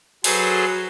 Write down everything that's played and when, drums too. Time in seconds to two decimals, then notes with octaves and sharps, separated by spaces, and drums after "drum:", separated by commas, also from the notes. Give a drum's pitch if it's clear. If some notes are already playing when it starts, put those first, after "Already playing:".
0.24 F#3 G#4 A4 B4 C5, drum: open hi-hat